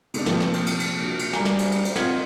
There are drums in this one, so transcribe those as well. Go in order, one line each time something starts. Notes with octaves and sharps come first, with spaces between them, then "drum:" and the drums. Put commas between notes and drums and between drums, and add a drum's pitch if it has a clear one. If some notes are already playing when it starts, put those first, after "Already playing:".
C3 G#3 D4, drum: cymbal
A#1 C3 F3 A#3, drum: snare
drum: snare
drum: cymbal
drum: cymbal
drum: cymbal
D4 F#4 A#4
drum: cymbal
G3 G#5 A#5, drum: snare
drum: snare
drum: cymbal
drum: cymbal
drum: cymbal
C4 F4 D#5 F#5 F6 G#6 B6, drum: snare